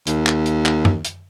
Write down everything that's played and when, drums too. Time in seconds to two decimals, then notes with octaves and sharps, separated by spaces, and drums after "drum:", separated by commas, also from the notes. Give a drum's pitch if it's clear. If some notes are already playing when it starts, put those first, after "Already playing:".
0.07 D#2, drum: hi-hat
0.26 drum: clap
0.46 drum: hi-hat
0.65 drum: clap
0.85 drum: tom F#2
1.05 drum: hi-hat